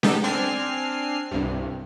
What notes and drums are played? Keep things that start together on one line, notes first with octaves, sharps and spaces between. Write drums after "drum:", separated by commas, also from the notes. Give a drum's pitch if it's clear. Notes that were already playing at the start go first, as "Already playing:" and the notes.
G#3 B3 D#4 G4 A4, drum: snare C#4
C4 D4 G#5 F6 C7
C2 G2